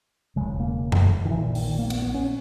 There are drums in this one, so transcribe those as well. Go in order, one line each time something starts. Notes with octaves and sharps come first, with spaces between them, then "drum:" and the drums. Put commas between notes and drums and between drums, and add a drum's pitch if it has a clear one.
E1 D#2 C#3 G#3
A#3
drum: tom F#2
D#3
A#1 A#2 E3
D#3, drum: open hi-hat
A#3
B3, drum: cymbal
B3
C#4